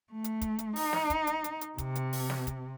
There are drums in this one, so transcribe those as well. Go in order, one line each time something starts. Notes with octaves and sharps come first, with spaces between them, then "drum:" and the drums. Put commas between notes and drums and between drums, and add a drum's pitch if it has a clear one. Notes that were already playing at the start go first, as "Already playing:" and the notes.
A3
drum: hi-hat
drum: kick, hi-hat
drum: hi-hat
D#4, drum: open hi-hat
drum: snare
drum: kick, hi-hat
drum: hi-hat
drum: hi-hat
drum: hi-hat
C3, drum: kick, hi-hat
drum: hi-hat
drum: open hi-hat
drum: snare
drum: kick, hi-hat